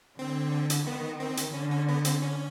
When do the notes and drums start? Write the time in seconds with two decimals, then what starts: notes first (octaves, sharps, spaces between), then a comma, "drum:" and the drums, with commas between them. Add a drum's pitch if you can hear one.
0.18 D3 C4
0.70 drum: hi-hat
0.87 D#3 B3
1.20 C4
1.37 drum: hi-hat
1.54 D3 C#4
1.71 C#4
1.88 B3
2.05 C4, drum: hi-hat
2.22 C#4